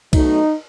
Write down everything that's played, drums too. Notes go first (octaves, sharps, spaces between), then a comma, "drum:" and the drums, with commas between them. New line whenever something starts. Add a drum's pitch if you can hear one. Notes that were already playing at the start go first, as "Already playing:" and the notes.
B2 F#3 A3 D#4, drum: kick, cymbal